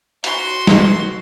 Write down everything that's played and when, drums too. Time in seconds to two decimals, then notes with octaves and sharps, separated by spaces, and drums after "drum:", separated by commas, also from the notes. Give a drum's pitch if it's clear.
0.24 F#4 C6, drum: hi-hat
0.67 drum: snare